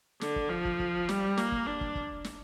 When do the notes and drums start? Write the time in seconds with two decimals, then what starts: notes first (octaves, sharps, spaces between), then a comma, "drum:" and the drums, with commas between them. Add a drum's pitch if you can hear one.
0.21 D3, drum: snare
0.36 drum: kick
0.50 F3
0.65 drum: kick
0.80 drum: kick
1.09 G3, drum: snare
1.37 A#3, drum: snare
1.52 drum: kick
1.67 D4
1.81 drum: kick
1.95 drum: kick
2.24 drum: snare